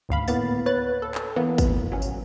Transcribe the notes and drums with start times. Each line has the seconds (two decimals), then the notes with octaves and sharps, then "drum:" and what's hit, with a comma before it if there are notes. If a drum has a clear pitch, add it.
0.09 G#1 D2 F5 B5
0.28 A2 A#3 B3 A6, drum: tambourine
0.66 B4 C#5 F#6 A6
1.02 A4
1.15 drum: clap
1.36 E3 A#3 B3
1.58 drum: kick, tambourine
1.92 F#3 C#4
2.02 drum: tambourine